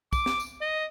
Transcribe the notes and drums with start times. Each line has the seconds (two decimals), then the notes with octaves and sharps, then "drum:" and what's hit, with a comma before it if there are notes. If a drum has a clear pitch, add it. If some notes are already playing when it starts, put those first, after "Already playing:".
0.13 D6, drum: kick, tambourine
0.26 drum: snare
0.40 drum: tambourine
0.61 D#5